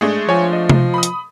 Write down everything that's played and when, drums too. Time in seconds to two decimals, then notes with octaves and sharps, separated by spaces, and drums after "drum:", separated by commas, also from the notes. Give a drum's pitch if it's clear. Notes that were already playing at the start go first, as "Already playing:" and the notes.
0.01 G#3 A3 D4 G#4
0.29 F3 C#5 G#5
0.53 D#5
0.70 drum: tom C3
0.94 B5 D#6
1.03 drum: hi-hat